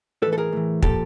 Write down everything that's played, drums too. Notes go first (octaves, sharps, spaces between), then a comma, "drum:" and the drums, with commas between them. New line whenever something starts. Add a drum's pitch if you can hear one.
A2 E3 A4 B4
A4
G#4 A#4
A2 E3
A#2 F3 G4 A4, drum: kick